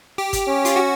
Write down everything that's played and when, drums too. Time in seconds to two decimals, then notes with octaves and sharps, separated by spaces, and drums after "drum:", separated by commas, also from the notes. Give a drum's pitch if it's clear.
0.18 G4
0.33 drum: kick G1, hi-hat
0.48 C#4
0.65 F4, drum: hi-hat
0.76 F#4